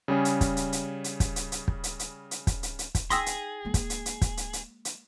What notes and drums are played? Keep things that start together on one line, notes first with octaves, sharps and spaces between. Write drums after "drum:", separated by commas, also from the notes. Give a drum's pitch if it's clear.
C#3 G3 C#4 G#4
drum: hi-hat
drum: kick, hi-hat
drum: hi-hat
drum: hi-hat
drum: hi-hat
drum: kick, hi-hat
drum: hi-hat
drum: hi-hat
drum: kick
drum: hi-hat
drum: hi-hat
drum: hi-hat
drum: kick, hi-hat
drum: hi-hat
drum: hi-hat
drum: kick, hi-hat
D#4 G#4 G5 C6 D#6 E6 A#6 B6, drum: hi-hat
drum: hi-hat
G#3 A#3
drum: kick, hi-hat
drum: hi-hat
drum: hi-hat
drum: kick, hi-hat
drum: hi-hat
drum: hi-hat
drum: hi-hat